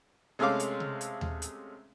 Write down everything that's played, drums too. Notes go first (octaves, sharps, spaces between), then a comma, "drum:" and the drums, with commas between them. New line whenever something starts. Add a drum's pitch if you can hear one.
C3 G#3 A3 C#4 F5 D6
drum: hi-hat
drum: tom C3
drum: hi-hat
drum: tom D#2
drum: hi-hat